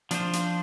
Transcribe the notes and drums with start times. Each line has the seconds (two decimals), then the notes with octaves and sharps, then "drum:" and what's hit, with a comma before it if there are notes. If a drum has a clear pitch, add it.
0.11 F3 D4 F4 C5, drum: hi-hat
0.33 drum: hi-hat